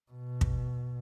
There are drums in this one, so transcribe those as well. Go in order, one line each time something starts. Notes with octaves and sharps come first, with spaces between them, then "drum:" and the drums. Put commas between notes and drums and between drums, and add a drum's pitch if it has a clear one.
B2
drum: kick